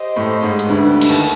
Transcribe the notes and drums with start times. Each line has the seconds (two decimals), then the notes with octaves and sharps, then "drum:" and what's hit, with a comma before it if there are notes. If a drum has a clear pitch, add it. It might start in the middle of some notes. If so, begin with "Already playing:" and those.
Already playing: G4 C5 D#5
0.16 A2 A3
0.42 G#2 G#3
0.59 drum: hi-hat
0.68 D2 D3 E4 G4 B4
1.01 D3, drum: cymbal
1.08 D#2 D#3